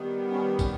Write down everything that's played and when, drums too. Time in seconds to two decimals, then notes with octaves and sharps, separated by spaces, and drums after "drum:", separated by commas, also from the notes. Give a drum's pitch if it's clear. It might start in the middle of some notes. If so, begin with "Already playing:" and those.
Already playing: D#3 G3 B3
0.32 C#4
0.59 C#4, drum: kick, tambourine